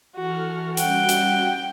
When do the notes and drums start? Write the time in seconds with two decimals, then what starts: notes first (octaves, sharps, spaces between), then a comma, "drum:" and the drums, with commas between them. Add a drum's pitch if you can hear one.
0.16 E3 F#4 A4 F6
0.77 G3 C#4 F#4 F#5 G5, drum: hi-hat
1.09 drum: hi-hat